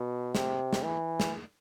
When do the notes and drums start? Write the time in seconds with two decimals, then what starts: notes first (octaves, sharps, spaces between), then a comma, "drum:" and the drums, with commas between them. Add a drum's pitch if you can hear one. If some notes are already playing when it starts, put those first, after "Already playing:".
Already playing: B2
0.35 C3, drum: snare
0.73 drum: snare
0.83 E3
1.20 drum: snare